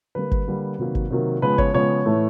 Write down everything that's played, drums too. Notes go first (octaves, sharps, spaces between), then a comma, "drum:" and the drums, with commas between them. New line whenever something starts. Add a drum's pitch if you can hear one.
D3 G3 A#3 B4
drum: kick G#1
D3 G3 A#3
C3 D#3 F#3 A#3
drum: kick G#1
C3 D#3 F#3 A#3
C#3 F3 G#3 B3 B4
C#5, drum: kick G#1
C#3 F3 G#3 B3 C#5
A2 E3 A3